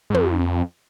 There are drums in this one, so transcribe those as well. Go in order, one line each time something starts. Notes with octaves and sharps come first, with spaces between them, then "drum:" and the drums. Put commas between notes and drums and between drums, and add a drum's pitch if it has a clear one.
G#2
F2, drum: tom